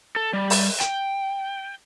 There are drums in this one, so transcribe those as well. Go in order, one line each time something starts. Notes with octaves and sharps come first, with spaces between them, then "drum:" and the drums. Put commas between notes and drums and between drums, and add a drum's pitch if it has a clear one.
A4
G3
drum: open hi-hat
G5, drum: hi-hat